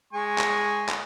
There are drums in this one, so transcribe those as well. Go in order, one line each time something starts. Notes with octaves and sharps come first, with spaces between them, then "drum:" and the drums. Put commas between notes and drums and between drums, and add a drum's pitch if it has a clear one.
G#3 G#5 C#6
drum: clap
drum: clap